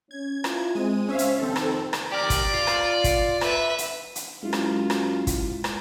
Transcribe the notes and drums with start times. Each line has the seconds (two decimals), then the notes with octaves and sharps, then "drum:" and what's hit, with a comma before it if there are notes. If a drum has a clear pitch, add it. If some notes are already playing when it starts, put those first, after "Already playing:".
0.11 C#4 G#6
0.44 E4 F4, drum: rim click
0.75 G#3 C4 D#7
1.09 C#2 C#4 C5 E5 F5
1.19 drum: hi-hat
1.39 F2 C3 D#3 C4 A4
1.56 drum: rim click
1.93 drum: rim click
2.12 G4 A#4 D5
2.30 drum: kick, hi-hat
2.54 F4
2.67 drum: rim click
3.04 drum: kick, hi-hat
3.41 B4 E5, drum: rim click
3.78 drum: hi-hat
4.16 drum: hi-hat
4.43 F#2 G#3 E4 F4
4.53 drum: rim click
4.90 drum: rim click
5.27 drum: kick, hi-hat
5.64 drum: rim click